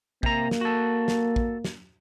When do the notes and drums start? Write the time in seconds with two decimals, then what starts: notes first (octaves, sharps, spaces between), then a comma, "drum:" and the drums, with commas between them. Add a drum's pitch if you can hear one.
0.23 C3 A#3 A#5, drum: kick
0.51 drum: snare
0.61 F#4 A4
1.08 drum: snare
1.36 drum: kick
1.64 drum: snare